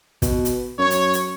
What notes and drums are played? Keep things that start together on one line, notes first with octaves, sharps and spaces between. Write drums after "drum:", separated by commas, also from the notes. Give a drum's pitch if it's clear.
B2, drum: kick, hi-hat
drum: hi-hat
F#2 C#5
drum: hi-hat
drum: hi-hat